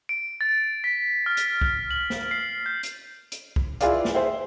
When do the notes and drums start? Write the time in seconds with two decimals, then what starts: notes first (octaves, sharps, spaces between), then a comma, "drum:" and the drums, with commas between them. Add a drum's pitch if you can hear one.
0.09 D7
0.41 A6
0.84 B6
1.26 F6
1.37 drum: hi-hat
1.61 drum: kick
1.91 F#7
2.10 drum: snare
2.31 C7
2.66 G6
2.83 drum: hi-hat
3.32 drum: hi-hat
3.56 drum: kick
3.81 E4 F4 G#4 B4 D5 F5, drum: hi-hat
4.05 drum: snare
4.14 G#4 C5 E5 G5